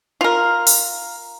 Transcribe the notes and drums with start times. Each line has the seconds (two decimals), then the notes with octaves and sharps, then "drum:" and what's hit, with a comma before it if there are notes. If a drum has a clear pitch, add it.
0.21 F4 A#4
0.67 drum: open hi-hat